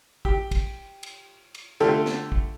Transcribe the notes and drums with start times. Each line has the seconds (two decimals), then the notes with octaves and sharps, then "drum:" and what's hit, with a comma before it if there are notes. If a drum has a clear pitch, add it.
0.25 G4, drum: kick
0.51 drum: kick, cymbal
1.03 drum: cymbal
1.55 drum: cymbal
1.80 D3 A3 F4 G4 A4
2.06 drum: snare
2.32 drum: kick